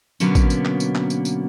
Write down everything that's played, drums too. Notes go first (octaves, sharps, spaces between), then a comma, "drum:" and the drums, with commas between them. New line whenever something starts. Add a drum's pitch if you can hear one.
B2 D3 F#3 A#3 B3 C#4, drum: tambourine
drum: kick, tambourine
drum: tambourine
drum: clap
drum: tambourine
drum: clap
drum: tambourine
drum: tambourine